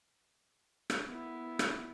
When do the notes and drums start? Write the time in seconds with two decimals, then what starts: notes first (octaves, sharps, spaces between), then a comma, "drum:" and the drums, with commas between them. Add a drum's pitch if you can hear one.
0.90 drum: rim click
1.07 B3 E4
1.59 drum: rim click